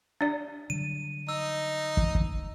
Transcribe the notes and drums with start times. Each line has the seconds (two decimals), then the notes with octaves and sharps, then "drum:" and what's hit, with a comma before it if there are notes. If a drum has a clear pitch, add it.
0.21 D4 D5
0.70 D3 F#3 G3 D#7
1.29 D#4 E6
1.97 drum: kick
2.15 drum: kick